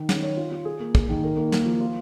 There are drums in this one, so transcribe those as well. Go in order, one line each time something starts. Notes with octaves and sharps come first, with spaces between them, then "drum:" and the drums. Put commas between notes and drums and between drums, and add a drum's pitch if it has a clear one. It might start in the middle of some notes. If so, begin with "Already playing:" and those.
Already playing: D#3
C#4, drum: snare
C#5
F4
F4
G#4
A#3
G#4, drum: kick
D#3
A#4
A#3
A#3, drum: snare
F3
F4